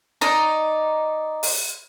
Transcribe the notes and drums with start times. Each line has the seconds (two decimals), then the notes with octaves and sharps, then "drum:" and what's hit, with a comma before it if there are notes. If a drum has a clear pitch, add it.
0.21 D#4 D5 A#5
1.43 drum: open hi-hat